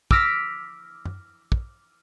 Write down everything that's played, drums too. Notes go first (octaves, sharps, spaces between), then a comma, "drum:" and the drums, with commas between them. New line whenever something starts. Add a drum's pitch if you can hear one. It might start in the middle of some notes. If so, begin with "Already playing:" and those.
D6 E6 F6 A#6 B6 D7, drum: kick
drum: tom
drum: kick